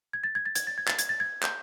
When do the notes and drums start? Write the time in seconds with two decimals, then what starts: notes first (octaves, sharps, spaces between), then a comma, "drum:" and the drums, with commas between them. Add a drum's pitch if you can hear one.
0.13 G#6
0.24 A6
0.35 G#6
0.46 A6
0.55 G#6, drum: hi-hat
0.67 A6
0.78 G#6
0.88 A6, drum: clap
0.99 G#6, drum: hi-hat
1.09 A6
1.20 G#6
1.43 G6, drum: clap